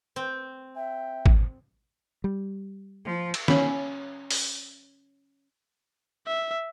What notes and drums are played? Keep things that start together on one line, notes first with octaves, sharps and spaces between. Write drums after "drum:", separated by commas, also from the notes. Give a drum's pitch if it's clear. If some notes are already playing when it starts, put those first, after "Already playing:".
C4
E5 G5
drum: kick G#1
G3
F3
drum: cymbal
C#4 B5, drum: snare
drum: open hi-hat
E5